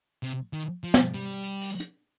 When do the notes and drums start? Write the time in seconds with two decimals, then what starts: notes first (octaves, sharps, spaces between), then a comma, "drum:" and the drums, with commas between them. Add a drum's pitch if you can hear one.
0.23 C3
0.54 D#3
0.84 F3
0.94 drum: snare
1.14 G3
1.61 drum: open hi-hat
1.80 drum: hi-hat